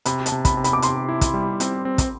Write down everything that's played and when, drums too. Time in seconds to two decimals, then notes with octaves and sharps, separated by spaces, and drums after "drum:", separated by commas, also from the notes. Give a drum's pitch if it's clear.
0.05 C3 B5, drum: hi-hat
0.26 A5, drum: hi-hat
0.32 C3
0.45 B5, drum: kick, hi-hat
0.57 C3
0.64 B5, drum: hi-hat
0.73 D6
0.82 C3 C6, drum: hi-hat
1.09 E4
1.21 drum: kick, hi-hat
1.34 G3
1.60 C4, drum: hi-hat
1.85 C4
1.98 drum: kick, hi-hat